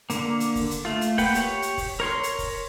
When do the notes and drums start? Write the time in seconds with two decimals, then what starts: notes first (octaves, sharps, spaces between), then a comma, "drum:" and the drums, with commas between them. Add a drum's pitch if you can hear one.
0.10 D3 A#3, drum: hi-hat
0.40 drum: hi-hat
0.55 drum: kick F1, open hi-hat
0.71 drum: hi-hat
0.85 A3 F4
1.01 drum: hi-hat
1.18 A#3 B4 F#5 G5, drum: kick F1, open hi-hat
1.35 G4 C#5, drum: hi-hat
1.62 drum: hi-hat
1.78 drum: kick F1, open hi-hat
2.00 A#4 C#5 C6
2.23 drum: hi-hat
2.39 drum: kick F1, open hi-hat